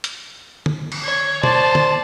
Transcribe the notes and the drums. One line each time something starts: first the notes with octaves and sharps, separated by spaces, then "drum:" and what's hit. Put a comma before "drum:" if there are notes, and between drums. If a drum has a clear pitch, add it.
drum: hi-hat
drum: tom D3
drum: cymbal
C#5
C5 D5 A5, drum: tom B2
drum: tom D3